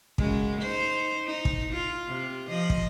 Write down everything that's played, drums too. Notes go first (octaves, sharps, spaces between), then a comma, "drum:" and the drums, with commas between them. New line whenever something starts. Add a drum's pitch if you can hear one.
F#2 C#3 G#3, drum: kick
D#4 C5
D#4
drum: kick
F4
C3 F4
F3 D#5
drum: kick